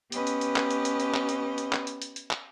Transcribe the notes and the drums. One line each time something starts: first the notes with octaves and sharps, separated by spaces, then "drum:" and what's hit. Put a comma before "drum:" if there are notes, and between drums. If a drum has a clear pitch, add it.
B3 C#4 G4 B4 D#5, drum: hi-hat
drum: hi-hat
drum: hi-hat
drum: clap
drum: hi-hat
drum: hi-hat
drum: hi-hat
drum: clap
drum: hi-hat
drum: hi-hat
drum: clap
drum: hi-hat
drum: hi-hat
drum: hi-hat
drum: clap